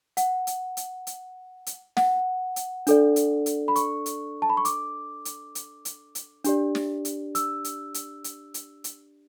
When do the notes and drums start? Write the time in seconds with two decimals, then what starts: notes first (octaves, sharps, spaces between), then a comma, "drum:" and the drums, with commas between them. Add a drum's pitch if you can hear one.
0.17 F#5, drum: hi-hat
0.47 drum: hi-hat
0.77 drum: hi-hat
1.07 drum: hi-hat
1.66 drum: hi-hat
1.97 F#5, drum: snare
2.56 drum: hi-hat
2.87 D4 A4 D5, drum: hi-hat
3.16 drum: hi-hat
3.46 drum: hi-hat
3.68 B5
3.76 C#6, drum: hi-hat
4.06 drum: hi-hat
4.42 A5
4.50 B5
4.57 C#6
4.65 D6, drum: hi-hat
5.25 drum: hi-hat
5.55 drum: hi-hat
5.85 drum: hi-hat
6.15 drum: hi-hat
6.44 D4 G4 D5, drum: hi-hat
6.75 drum: snare
7.05 drum: hi-hat
7.35 E6, drum: hi-hat
7.65 drum: hi-hat
7.94 drum: hi-hat
8.24 drum: hi-hat
8.54 drum: hi-hat
8.84 drum: hi-hat